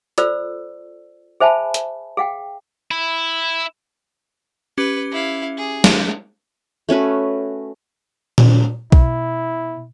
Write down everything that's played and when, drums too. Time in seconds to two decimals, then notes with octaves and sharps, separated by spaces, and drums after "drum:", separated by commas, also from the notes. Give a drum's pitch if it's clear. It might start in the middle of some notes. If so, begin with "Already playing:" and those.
0.18 F4 A4 C5 D5 E6, drum: hi-hat
1.40 G#4 C5 E5 G#5 A5 B5
1.74 drum: hi-hat
2.17 G#4 F5 G5
2.91 E4
4.78 C#4 G4 B4 D6
5.11 E4 F5
5.57 G#4
5.84 drum: snare
6.89 A3 C#4 F#4 B4
8.38 drum: tom A#2
8.92 B2 E4, drum: kick B1